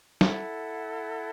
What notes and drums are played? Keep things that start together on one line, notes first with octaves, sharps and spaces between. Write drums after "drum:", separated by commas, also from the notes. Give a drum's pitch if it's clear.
E4 A4 F#5, drum: snare